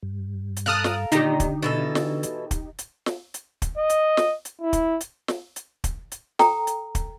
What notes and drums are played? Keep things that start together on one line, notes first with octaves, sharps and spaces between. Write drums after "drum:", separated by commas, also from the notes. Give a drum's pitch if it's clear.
G2
drum: hi-hat
A4 A#4 F5 D#6 F6 F#6
drum: snare
A#2 D3 D#3 D#4 G4 A#5, drum: hi-hat
drum: kick, hi-hat
B2 E3 A4
drum: snare
drum: hi-hat
drum: kick, hi-hat
drum: hi-hat
drum: snare
drum: hi-hat
drum: kick, hi-hat
D#5
drum: hi-hat
drum: snare
drum: hi-hat
E4
drum: kick, hi-hat
drum: hi-hat
drum: snare
drum: hi-hat
drum: kick, hi-hat
drum: hi-hat
A4 G5 A#5, drum: snare
drum: hi-hat
drum: kick, hi-hat